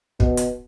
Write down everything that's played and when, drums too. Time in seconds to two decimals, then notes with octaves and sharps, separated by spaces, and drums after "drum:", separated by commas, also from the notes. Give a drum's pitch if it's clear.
0.20 B2, drum: kick
0.37 drum: hi-hat